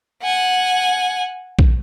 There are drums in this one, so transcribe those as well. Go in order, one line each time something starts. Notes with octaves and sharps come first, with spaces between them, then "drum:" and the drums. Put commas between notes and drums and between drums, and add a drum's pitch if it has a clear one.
F#5 G#5
drum: kick A#1